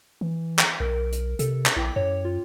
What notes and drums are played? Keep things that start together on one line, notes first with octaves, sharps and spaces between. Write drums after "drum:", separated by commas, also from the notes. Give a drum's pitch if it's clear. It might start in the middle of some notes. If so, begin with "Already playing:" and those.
E3
drum: clap
B1 A#4
drum: hi-hat
C3 A4, drum: hi-hat
drum: clap
A#1 E4 G5 D6
F#2 C#5
F4